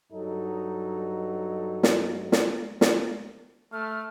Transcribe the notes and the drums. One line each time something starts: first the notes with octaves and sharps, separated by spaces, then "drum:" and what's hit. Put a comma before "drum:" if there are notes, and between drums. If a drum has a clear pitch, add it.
G2 F#3 D#4 A4
drum: snare
drum: snare
drum: snare
A3 F6